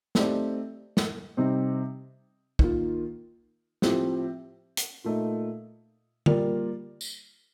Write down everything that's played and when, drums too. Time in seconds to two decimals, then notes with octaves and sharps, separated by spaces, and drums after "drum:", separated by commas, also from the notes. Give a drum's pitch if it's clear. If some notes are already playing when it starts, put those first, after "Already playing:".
0.15 A3 C4 D#4 G4 D5, drum: snare
0.97 drum: snare
1.37 C3 G3 C4 D#4
2.59 D#3 A#3 F4, drum: kick
3.82 A2 F3 C4 G4, drum: snare
4.77 drum: hi-hat
5.04 A#2 A3 D#4
6.26 G3 A#3 F4 A#4 D5, drum: tom D3
7.01 drum: tambourine